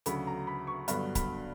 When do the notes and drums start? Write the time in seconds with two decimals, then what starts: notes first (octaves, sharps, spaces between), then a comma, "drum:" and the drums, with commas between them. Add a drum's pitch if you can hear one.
0.06 D2 C#3 F#3 B5, drum: hi-hat
0.27 A#5
0.47 B5
0.67 C#6
0.88 G2 D3 F#3 B3 B5, drum: hi-hat
1.15 B5, drum: kick C#1, hi-hat